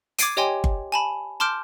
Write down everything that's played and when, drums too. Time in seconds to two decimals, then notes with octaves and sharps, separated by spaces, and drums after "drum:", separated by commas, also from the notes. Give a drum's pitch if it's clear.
0.19 D6 G#6 A6 C7 D7 D#7, drum: hi-hat
0.37 G4 C#5 D#5 G5 G#5 C6
0.64 drum: kick G1
0.92 G#5 A5 B5
1.40 A5 C6 D6 F6 G6 D7